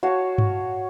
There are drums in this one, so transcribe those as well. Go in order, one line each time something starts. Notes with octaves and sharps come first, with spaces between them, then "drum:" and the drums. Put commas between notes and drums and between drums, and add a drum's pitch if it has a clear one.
F#4 C#5 F5 A5
drum: tom G2